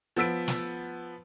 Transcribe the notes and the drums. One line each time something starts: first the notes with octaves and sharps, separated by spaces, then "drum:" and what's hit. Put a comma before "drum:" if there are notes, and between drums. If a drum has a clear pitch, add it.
F3 B3 E6 B6 D7, drum: hi-hat
drum: snare